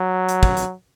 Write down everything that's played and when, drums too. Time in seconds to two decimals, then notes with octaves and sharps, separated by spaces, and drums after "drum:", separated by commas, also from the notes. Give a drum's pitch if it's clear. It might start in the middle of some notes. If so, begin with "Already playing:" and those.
Already playing: F#3
0.29 drum: hi-hat
0.43 drum: kick
0.57 drum: hi-hat